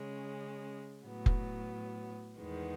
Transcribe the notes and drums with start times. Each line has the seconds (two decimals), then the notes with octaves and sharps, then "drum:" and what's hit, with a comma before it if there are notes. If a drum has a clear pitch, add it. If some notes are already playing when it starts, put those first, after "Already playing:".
Already playing: C#3 G#3 C#4
1.04 A2 F#3 B3
1.26 drum: kick F1
2.39 E2 D#3 G#3 B3